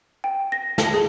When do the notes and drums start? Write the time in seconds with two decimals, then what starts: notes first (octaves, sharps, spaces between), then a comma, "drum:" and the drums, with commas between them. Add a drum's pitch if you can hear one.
0.24 G5
0.52 A#6
0.78 A5, drum: snare
0.94 G#4